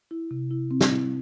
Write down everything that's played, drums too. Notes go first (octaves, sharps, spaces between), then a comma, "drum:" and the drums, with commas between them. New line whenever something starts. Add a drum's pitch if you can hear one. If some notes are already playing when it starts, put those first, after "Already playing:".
E4
C3
E4
C4
drum: snare
E4